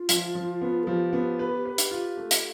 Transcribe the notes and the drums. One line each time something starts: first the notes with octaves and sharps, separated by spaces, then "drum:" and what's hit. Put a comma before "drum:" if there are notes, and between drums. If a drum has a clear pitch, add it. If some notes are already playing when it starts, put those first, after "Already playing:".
Already playing: F4
F3, drum: hi-hat
F3
B3
A4
F3 G4
B3
B4
B4
drum: hi-hat
F4
A3
drum: hi-hat